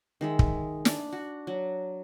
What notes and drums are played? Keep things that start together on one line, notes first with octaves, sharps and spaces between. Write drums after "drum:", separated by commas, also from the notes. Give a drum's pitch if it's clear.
D#3 G#3 E5
drum: kick
D4, drum: snare
F#4
F#3